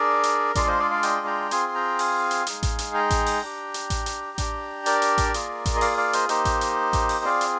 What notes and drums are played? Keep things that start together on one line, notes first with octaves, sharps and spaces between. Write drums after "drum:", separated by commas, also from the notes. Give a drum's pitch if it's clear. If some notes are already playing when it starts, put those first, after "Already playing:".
Already playing: D4 G#4 A#4 D5
drum: hi-hat
G#3 D4 F4 G#4 D5 F5, drum: kick A1, hi-hat
C5 D#5
D5 F5
D5 F5
D#5 G5, drum: hi-hat
G5 A#5
C4 F4 G#4 G#5 C6, drum: hi-hat
C6
G5 A#5
F5 G#5, drum: open hi-hat
drum: hi-hat
G#3 D#4 G#4, drum: hi-hat
drum: kick A1, hi-hat
drum: hi-hat
G5 A#5
drum: kick A1, hi-hat
drum: open hi-hat
D4 G4
drum: hi-hat
drum: kick A1, hi-hat
drum: hi-hat
D4 G4, drum: kick A1, hi-hat
A#4 D5, drum: hi-hat
drum: hi-hat
drum: kick A1, hi-hat
A#3 F4 G#4, drum: hi-hat
drum: kick A1, hi-hat
D#5
D5 F5, drum: open hi-hat
D5 F5
C5 D#5, drum: hi-hat
A#3 D#4 G4 C5 D#5, drum: hi-hat
drum: kick A1, hi-hat
drum: hi-hat
drum: kick A1, hi-hat
drum: open hi-hat
C4 F4 G#4 D5 F5
drum: hi-hat